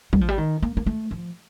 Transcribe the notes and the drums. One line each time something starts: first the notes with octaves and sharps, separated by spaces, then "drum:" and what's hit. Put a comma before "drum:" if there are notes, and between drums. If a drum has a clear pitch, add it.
G3, drum: kick
F3
G3
D#3
A#3
A#3
A3
F3